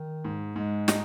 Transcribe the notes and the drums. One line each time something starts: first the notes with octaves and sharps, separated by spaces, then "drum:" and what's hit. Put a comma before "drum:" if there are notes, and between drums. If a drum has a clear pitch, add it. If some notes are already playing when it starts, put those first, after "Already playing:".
Already playing: D#3
G#2
G#2 G#3
D#4, drum: snare